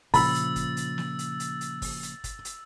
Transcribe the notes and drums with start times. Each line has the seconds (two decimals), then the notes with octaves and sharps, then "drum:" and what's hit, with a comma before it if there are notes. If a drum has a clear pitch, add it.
0.14 A#2 C#3 F3 B5 E6 A6, drum: kick, open hi-hat
0.35 drum: hi-hat
0.56 drum: kick, hi-hat
0.77 drum: hi-hat
0.98 drum: snare
1.19 drum: hi-hat
1.40 drum: hi-hat
1.61 drum: hi-hat
1.82 drum: kick, open hi-hat
2.03 drum: hi-hat
2.24 drum: kick, hi-hat
2.45 drum: hi-hat